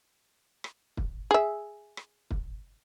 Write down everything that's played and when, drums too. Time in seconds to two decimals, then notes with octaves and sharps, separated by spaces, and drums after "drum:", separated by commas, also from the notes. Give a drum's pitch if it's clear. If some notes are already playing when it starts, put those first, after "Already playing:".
0.64 drum: rim click
0.97 drum: kick
1.31 G#4 E5
1.97 drum: rim click
2.31 drum: kick